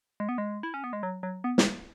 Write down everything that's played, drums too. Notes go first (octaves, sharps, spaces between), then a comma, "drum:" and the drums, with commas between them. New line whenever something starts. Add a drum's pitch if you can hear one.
G#3
B3
G#3
E4
C#4
B3
G#3
F#3
F#3
B3
drum: snare